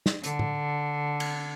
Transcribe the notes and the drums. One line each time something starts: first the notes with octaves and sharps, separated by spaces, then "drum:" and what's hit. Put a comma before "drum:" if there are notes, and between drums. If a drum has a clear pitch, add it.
drum: snare
D3, drum: hi-hat
drum: tom A2
drum: cymbal